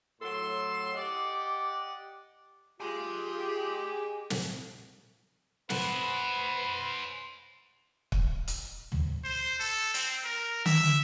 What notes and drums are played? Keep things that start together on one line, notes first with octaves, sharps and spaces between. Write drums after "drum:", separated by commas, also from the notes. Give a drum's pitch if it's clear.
A2 F#3 A4 C6
G4 D5 D#5 F#5
F4 G4 G#4 G#5 C6
drum: snare
B4 C5 F#5, drum: snare
drum: kick
drum: hi-hat
drum: tom
C5
A4
C4, drum: hi-hat
A#4
E5, drum: tom D3